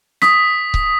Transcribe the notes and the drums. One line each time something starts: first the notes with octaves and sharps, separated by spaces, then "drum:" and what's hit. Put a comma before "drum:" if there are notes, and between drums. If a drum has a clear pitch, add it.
D#6 B6, drum: snare
drum: kick C#1